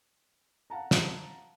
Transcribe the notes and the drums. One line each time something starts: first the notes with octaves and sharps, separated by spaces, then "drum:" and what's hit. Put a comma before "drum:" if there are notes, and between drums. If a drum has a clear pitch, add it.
F5 F#5 A5 A#5
drum: snare